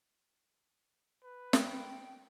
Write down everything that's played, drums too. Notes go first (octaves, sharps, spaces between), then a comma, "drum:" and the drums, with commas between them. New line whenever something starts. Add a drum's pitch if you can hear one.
B4
G5, drum: snare